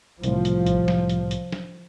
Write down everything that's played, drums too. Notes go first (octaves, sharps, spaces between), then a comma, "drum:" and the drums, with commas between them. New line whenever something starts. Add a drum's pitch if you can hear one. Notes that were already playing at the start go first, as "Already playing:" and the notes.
C2 A2 F3, drum: hi-hat
drum: hi-hat
drum: kick A1, hi-hat
drum: snare
drum: hi-hat
drum: hi-hat
drum: snare